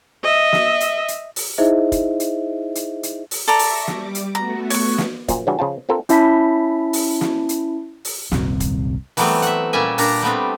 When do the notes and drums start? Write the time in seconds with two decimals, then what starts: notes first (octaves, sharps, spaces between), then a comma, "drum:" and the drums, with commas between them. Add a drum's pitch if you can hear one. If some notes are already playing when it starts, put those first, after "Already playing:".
0.23 D#5 E5
0.53 drum: snare
0.80 drum: hi-hat
1.08 drum: hi-hat
1.36 drum: open hi-hat
1.58 D#4 E4 G#4 C5 D#5 E5
1.92 drum: kick, hi-hat
2.20 drum: hi-hat
2.75 drum: hi-hat
3.03 drum: hi-hat
3.31 drum: open hi-hat
3.48 A4 D5 E5 A#5 C#6 A#6
3.59 drum: open hi-hat
3.88 G3 D6, drum: snare
4.15 drum: hi-hat
4.35 A3 B3 F#4 A#5
4.70 C#5 C#6, drum: open hi-hat
4.98 drum: snare
5.28 F#2 A#2 F3, drum: kick, hi-hat
5.47 C#3 E3 G3 C#4 D4 F#4
5.59 C#3 F3 F4 A5
5.89 C4 D4 F4 A4 A#4
6.09 C#4 E4 E5 A5 B5 B6, drum: hi-hat
6.93 drum: open hi-hat
7.21 drum: snare
7.49 drum: hi-hat
8.05 drum: open hi-hat
8.32 D#1 C2 F#2 C4, drum: snare
8.60 drum: kick, hi-hat
9.17 E3 F#3 G3 A3 B3 C4, drum: open hi-hat
9.42 E5 F#5, drum: hi-hat
9.73 A#2 G3 C#4 E5 G#5
9.98 A#2 D4 G4 A#5, drum: open hi-hat
10.22 G3 A3 B3 C4